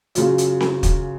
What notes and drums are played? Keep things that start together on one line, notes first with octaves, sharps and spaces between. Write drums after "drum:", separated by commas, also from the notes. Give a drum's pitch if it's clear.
F#2 C#3 F#3 F4, drum: hi-hat
drum: hi-hat
drum: snare C4
drum: kick, hi-hat